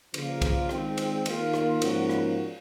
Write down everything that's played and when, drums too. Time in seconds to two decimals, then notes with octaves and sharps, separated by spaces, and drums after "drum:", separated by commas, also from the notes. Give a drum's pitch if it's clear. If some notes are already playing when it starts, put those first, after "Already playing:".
0.14 C#3 F3 A#3 F4, drum: cymbal
0.42 drum: kick C2, cymbal
0.69 D#3 G#3 C4, drum: rim click
0.98 drum: cymbal
1.26 D#3 A#3 F4, drum: cymbal
1.54 drum: rim click
1.82 G#2 F3 A#3 C#4 F#4, drum: cymbal
2.10 drum: rim click